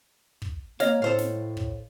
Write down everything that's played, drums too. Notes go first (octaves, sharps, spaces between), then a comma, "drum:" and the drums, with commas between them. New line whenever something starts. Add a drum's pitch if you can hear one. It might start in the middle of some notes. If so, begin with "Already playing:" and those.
drum: kick
A#3 C#5 D#5 F5, drum: snare
A2 A4 C5 F5
drum: snare
drum: kick